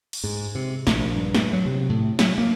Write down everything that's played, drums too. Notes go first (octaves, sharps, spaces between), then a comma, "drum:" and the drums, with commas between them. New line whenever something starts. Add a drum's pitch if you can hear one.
drum: cymbal
G#2
C3
A#1, drum: snare
G2
drum: snare
F#3
C3
A2
F#3, drum: snare
A#3